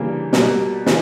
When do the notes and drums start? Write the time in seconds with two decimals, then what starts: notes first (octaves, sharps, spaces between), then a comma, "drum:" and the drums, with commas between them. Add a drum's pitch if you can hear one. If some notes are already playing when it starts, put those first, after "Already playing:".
Already playing: C#3 E3 G3 A#3 D4
0.33 B2 G3 A#3, drum: snare
0.86 C#3 E3, drum: snare